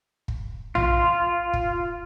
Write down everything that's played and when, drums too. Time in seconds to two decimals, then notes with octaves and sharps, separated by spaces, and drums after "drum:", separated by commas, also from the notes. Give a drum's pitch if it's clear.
0.28 drum: kick
0.75 F4, drum: tom A#1
1.53 drum: kick